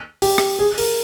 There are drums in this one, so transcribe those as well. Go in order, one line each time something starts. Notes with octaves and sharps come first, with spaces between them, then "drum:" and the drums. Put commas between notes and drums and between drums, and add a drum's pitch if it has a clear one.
G4, drum: open hi-hat
drum: rim click
G#4
A#4, drum: open hi-hat